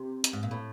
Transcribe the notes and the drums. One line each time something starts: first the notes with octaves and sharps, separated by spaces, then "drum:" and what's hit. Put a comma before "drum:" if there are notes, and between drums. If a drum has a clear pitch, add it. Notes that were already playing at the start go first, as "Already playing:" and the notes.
Already playing: C3
drum: hi-hat
G#2
A#2
A2